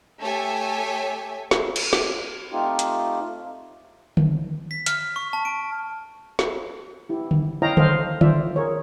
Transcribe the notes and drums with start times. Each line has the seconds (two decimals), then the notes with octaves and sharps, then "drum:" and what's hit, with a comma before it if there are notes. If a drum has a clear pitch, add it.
0.20 A3 G4 A4 C#5 E5 G#5
1.51 drum: snare
1.76 drum: cymbal
1.93 drum: snare
2.52 A3 C4 D#4 F4 G4
2.79 drum: hi-hat
4.17 drum: tom D3
4.71 B6
4.86 F6, drum: hi-hat
5.16 C#6
5.33 A5
5.45 D7
6.39 drum: snare
7.09 E4 G4
7.31 drum: tom D3
7.62 E4 C#5 D#5 F5 G5 A#5
7.77 A4 C5 D#5 F5, drum: tom D3
8.21 F4 C5 D5 E5, drum: tom D3
8.56 G#4 A#4 C#5